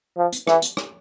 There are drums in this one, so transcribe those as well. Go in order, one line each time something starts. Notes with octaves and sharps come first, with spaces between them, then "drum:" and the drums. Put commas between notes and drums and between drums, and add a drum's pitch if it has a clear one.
F3
drum: hi-hat
E3, drum: rim click
drum: hi-hat
drum: rim click